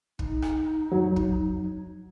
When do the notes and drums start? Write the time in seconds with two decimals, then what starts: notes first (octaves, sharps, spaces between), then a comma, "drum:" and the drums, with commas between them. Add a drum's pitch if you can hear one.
0.19 D#4, drum: kick
0.42 drum: rim click
0.92 F2 F#3
1.16 drum: kick